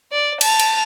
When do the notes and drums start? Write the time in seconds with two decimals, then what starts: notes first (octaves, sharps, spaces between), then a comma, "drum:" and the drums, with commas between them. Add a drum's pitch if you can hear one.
0.12 D5
0.41 A5 F7, drum: cymbal
0.60 drum: cymbal